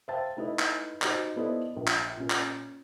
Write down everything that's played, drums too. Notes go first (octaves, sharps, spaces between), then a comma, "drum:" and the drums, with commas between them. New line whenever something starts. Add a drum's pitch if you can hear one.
C5 E5 F5 G5 A5 A6
A3 D#4 E4 B4 D#5
drum: clap
D#4 F#4 C5 D#5, drum: clap
B3 E4 A4 C5 D5 D#5
A#1
drum: clap
A#2 C#4
drum: clap